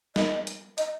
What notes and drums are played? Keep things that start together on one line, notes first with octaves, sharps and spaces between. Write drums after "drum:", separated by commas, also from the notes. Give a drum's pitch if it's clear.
D#5, drum: snare
drum: hi-hat
D#5, drum: hi-hat